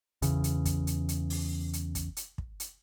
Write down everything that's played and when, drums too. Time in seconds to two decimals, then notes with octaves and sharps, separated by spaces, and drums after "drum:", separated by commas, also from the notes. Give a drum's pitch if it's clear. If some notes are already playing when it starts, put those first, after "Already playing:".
0.22 E2 C#3, drum: kick, hi-hat
0.44 drum: hi-hat
0.65 drum: kick, hi-hat
0.87 drum: hi-hat
1.09 drum: hi-hat
1.30 drum: open hi-hat
1.73 drum: hi-hat
1.95 drum: kick, hi-hat
2.17 drum: hi-hat
2.38 drum: kick
2.60 drum: hi-hat